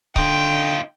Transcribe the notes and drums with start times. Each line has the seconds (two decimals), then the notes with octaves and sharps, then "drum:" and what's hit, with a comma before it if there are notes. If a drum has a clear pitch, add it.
0.16 D3 D#4 F4 G5, drum: kick C#1